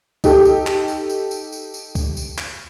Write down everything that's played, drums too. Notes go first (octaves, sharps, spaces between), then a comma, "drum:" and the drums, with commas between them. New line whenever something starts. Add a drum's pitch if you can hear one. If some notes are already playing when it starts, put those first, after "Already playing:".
D#4 G4 A4, drum: kick, tambourine
drum: tambourine
drum: clap
drum: tambourine
drum: tambourine
drum: tambourine
drum: tambourine
drum: tambourine
drum: kick, tambourine
drum: tambourine
drum: clap